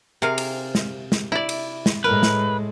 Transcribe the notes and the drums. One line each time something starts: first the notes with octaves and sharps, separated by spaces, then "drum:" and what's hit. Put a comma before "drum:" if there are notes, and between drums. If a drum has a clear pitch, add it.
C3 G#4 A#4 F5
drum: cymbal
drum: snare
drum: snare
E4 D5
drum: cymbal
drum: snare
A2 G#3 A#4 B4
drum: snare